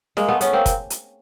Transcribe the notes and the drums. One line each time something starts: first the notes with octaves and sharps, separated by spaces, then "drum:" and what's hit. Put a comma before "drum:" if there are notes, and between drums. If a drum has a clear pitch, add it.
G#3 A#3, drum: snare
A3 B3
B3 C#4, drum: hi-hat
A#3 C4
drum: kick, hi-hat
drum: hi-hat